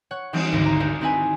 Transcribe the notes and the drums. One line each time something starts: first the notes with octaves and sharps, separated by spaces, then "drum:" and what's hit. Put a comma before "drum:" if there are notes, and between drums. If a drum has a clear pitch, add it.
C#5 F#5 F#6
E3 G3 G#3 C4 D#4, drum: cymbal
G#1 D2 D6 A#6
A#5
A#3 D4 D#4 F#4 G4
C4 D#4 E4 B4 G#5